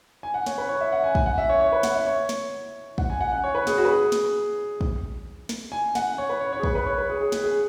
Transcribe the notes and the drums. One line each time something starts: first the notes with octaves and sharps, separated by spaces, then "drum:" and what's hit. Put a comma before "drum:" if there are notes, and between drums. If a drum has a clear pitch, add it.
G#5
F#5
C#5, drum: snare
B4
C#5
E5
F#5
G#5
G#5, drum: kick
F#5
E5
C#5
C#5
B4
F#5, drum: snare
E5
C#5
drum: snare
F#5, drum: kick
G#5
F#5
F#5
C#5
B4
G#4, drum: snare
F#4
B4
G#4
drum: snare
drum: kick
drum: snare
G#5
F#5, drum: snare
C#5
B4
C#5
C#5
G#4
B4, drum: kick
B4
C#5
B4
G#4
G#4
G#4, drum: snare
G#4